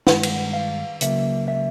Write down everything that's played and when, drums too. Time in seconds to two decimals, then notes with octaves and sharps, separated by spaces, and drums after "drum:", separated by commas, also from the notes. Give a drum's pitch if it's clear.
0.07 G2 D#3 G#3 F#5, drum: snare
0.23 drum: cymbal
0.53 F5
1.01 C#2 C#3 F#3 A#3 E5, drum: hi-hat
1.48 E5